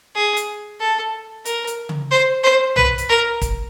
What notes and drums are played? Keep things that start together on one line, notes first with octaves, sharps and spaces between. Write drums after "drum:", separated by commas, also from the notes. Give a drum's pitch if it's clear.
G#4
drum: hi-hat
A4
A#4, drum: hi-hat
drum: hi-hat
drum: tom C#3
C5
C5
B4, drum: tom C2
drum: hi-hat
A#4
drum: kick, hi-hat